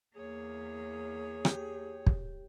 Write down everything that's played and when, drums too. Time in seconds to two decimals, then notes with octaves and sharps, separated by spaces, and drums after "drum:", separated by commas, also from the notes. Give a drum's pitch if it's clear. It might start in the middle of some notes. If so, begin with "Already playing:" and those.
0.16 E2 A#3 G#4 C#5
1.45 G4, drum: rim click
2.07 drum: kick